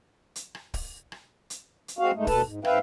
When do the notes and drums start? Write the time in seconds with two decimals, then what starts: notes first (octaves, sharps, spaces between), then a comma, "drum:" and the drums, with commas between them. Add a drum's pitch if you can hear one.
0.36 drum: hi-hat
0.55 drum: rim click
0.74 drum: kick, open hi-hat
1.12 drum: rim click
1.50 drum: hi-hat
1.88 drum: hi-hat
1.99 G#3 C4 F#4 F5
2.15 G#2 G#3 A3 D#4
2.27 D#2 B2 A4 B4 A5, drum: kick, open hi-hat
2.45 G#2
2.65 G#2 C4 B4 E5 F5 G5, drum: rim click